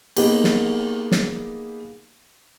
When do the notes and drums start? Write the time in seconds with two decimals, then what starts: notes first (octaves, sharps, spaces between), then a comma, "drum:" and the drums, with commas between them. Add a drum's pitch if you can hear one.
0.17 A#3 B3 D#4 G4 G#4, drum: cymbal
0.44 drum: snare
1.12 drum: snare